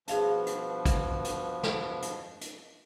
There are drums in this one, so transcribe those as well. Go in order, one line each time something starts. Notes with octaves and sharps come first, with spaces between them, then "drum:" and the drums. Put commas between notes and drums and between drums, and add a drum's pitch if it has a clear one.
G2 B2 F3 G#4 F5 A5, drum: hi-hat
drum: hi-hat
drum: kick, hi-hat
drum: hi-hat
drum: snare
drum: hi-hat
drum: hi-hat